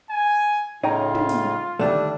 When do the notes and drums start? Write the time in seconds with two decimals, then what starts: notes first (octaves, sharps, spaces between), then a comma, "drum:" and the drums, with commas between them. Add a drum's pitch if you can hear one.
0.10 G#5
0.84 A2 C#3 D#4 F4 C#5 G5 A#5
1.15 drum: tom
1.29 drum: hi-hat
1.79 D#2 D3 G3 A3 D4